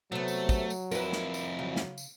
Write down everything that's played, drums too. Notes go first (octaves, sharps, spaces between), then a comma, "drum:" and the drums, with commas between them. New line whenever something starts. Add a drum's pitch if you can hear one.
C3 F#3 A3 B3
drum: tambourine
drum: kick, tambourine
drum: tambourine
F2 E4 A#4 B4, drum: tambourine
drum: snare
drum: tambourine
C#3 F#3
drum: snare
drum: tambourine